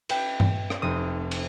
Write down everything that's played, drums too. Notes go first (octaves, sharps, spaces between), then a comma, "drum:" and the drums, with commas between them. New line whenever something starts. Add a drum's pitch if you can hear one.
B4 G5, drum: cymbal
drum: tom G2
drum: rim click
F1 C4 D#6
drum: cymbal